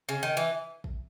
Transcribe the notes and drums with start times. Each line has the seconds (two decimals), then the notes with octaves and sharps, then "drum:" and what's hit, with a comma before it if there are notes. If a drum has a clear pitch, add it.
0.09 C#3
0.23 D#3
0.37 E3
0.84 drum: kick